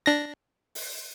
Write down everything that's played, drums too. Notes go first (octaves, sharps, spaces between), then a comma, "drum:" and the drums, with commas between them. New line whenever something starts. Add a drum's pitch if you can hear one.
D4 A#6
drum: open hi-hat